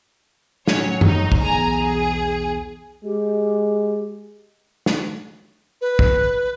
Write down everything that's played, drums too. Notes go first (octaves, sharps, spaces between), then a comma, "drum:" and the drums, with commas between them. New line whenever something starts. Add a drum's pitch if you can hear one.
A2 F#3 C#4 C#5, drum: snare
D#4, drum: tom F#2
drum: kick
B1 E2 G#4 G#5 A#5
G#4
G#3 G4
drum: snare
B4
drum: kick